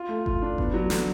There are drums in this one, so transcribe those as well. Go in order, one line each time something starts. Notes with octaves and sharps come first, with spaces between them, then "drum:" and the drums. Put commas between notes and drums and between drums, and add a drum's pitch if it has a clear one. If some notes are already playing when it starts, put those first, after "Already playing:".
Already playing: F4
A3
F4, drum: kick G1
D4
B3, drum: kick G1
F#3
D3, drum: snare